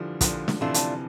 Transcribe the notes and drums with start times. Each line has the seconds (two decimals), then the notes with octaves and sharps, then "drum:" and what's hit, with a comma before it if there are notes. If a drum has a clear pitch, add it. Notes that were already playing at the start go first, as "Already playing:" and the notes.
Already playing: D3 E3 F3 G3
0.21 A#2 D3 F3, drum: kick, hi-hat
0.48 drum: snare
0.61 C3 E3 A3 D4 F4
0.74 drum: hi-hat